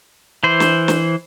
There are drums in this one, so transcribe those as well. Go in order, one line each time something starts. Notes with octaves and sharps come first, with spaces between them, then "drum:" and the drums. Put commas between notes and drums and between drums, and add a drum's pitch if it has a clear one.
E3 C5
drum: snare
drum: snare